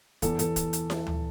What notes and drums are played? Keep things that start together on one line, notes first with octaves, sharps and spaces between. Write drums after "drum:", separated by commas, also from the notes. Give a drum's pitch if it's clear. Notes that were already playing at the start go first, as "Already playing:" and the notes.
E2 A4, drum: kick, hi-hat
E2 A4, drum: hi-hat
drum: kick, hi-hat
drum: hi-hat
drum: snare E4
drum: tom D2